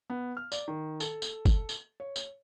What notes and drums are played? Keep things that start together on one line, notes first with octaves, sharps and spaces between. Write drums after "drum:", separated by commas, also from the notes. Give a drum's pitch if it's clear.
B3
F6
D5, drum: tambourine
D#3
A4, drum: tambourine
drum: tambourine
drum: kick, tambourine
drum: tambourine
C#5
drum: tambourine